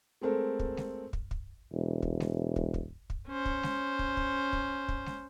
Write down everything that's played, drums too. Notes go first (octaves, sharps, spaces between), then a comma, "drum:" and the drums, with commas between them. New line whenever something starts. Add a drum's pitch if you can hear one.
G#3 A3 C4 A4 A#4
drum: kick
drum: snare G#3
drum: kick
drum: kick
E1
drum: kick
drum: snare G#3
drum: kick
drum: kick
drum: kick
C#4 C5
drum: kick
drum: snare G#3
drum: kick
drum: kick
drum: kick
drum: kick
drum: snare G#3